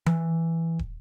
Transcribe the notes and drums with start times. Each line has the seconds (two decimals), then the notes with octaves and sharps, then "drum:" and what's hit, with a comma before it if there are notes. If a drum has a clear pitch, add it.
0.06 E3, drum: tom E3
0.79 drum: kick